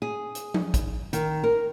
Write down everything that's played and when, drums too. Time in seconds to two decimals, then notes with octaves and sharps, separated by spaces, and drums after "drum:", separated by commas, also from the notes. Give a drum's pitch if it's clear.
0.02 G#4
0.35 drum: hi-hat
0.54 drum: tom F3
0.74 drum: kick, hi-hat
1.13 D#3, drum: hi-hat
1.44 A#4